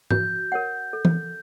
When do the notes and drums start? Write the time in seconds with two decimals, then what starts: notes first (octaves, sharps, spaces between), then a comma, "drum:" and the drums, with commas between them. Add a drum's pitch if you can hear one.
0.11 F#4 G6, drum: tom G#2
0.52 A#4 C#5 F#5
0.93 A4
1.05 drum: tom E3